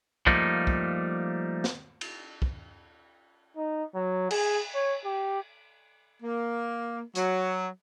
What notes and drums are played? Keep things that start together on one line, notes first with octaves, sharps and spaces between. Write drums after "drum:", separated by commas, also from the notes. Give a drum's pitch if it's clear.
F3 G3 A3 A#3 D#4, drum: kick
drum: kick
drum: snare
drum: cymbal
drum: kick
D#4
F#3
G#4, drum: cymbal
C#5
G4
A#3
F#3, drum: hi-hat